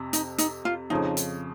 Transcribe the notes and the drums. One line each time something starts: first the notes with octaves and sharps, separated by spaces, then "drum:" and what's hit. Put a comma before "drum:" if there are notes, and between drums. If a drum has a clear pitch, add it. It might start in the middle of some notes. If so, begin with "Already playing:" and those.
Already playing: F2 C3
D#4, drum: hi-hat
D#4, drum: hi-hat
F4
F2 C#3 F3 D#4
drum: hi-hat